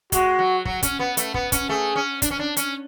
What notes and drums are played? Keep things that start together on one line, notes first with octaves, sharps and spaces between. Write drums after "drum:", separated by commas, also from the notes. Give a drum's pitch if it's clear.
G#3 F#4, drum: kick, hi-hat
F#3
F#3, drum: kick
C#4, drum: kick, hi-hat
B3
A3, drum: hi-hat
B3, drum: kick
C#4, drum: kick, hi-hat
A3 G#4
C#4
D4, drum: kick, hi-hat
C#4
D4
C#4, drum: hi-hat